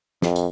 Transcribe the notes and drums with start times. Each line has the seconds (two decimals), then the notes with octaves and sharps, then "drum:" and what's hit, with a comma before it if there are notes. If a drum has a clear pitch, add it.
0.22 F2, drum: snare
0.36 drum: tambourine